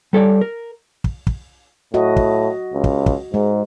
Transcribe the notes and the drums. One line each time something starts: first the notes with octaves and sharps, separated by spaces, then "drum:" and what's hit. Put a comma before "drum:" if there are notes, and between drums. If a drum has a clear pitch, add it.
G3 A4 C#5 D5
A#4
drum: kick
drum: kick
A2 F#4 D#5
drum: kick
C#2
drum: kick
drum: kick
G#2 G#3